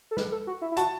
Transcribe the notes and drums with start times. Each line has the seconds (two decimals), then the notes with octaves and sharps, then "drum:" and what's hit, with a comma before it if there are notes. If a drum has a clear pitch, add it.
0.11 A4
0.17 B4, drum: snare
0.32 A4
0.47 F#4
0.62 E4
0.72 E4
0.77 F#4 A5, drum: hi-hat